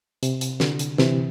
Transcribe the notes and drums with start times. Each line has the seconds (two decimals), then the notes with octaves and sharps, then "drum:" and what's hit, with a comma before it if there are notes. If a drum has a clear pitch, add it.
0.23 C3, drum: hi-hat
0.41 drum: hi-hat
0.60 D3, drum: snare
0.79 drum: hi-hat
0.98 C3 E3, drum: snare